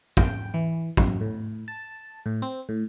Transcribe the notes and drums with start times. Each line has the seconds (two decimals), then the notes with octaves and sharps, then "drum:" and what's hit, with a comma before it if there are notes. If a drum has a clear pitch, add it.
0.17 G5, drum: kick
0.54 E3
0.97 F#2, drum: kick
1.21 A2
1.68 A5
2.26 A2
2.42 C4
2.69 A2